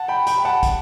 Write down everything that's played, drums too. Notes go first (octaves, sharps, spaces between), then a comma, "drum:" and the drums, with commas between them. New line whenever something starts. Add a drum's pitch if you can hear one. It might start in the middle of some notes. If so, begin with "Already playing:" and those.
Already playing: F#5 A5
G5 B5
G5 B5, drum: hi-hat
B5
F#5 A5
drum: kick, hi-hat